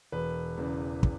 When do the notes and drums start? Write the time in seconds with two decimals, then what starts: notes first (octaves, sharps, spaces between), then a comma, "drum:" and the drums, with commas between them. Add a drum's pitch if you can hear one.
0.12 E1 B4
0.57 E2 C#3 E3
1.03 drum: kick